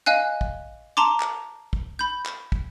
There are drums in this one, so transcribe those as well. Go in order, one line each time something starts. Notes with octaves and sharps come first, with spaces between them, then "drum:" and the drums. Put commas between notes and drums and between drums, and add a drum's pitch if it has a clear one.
D#5 F5 G#5 F#6
drum: kick
A5 A#5 C6 D6
drum: clap
drum: kick
B5 G6
drum: clap
drum: kick